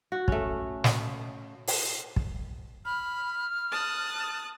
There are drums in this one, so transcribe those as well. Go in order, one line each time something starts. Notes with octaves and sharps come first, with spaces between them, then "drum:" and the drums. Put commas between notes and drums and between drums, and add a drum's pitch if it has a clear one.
F#4
A3 C#4, drum: kick
drum: snare
drum: open hi-hat
drum: kick
B5 F6
A5 D#6 F#6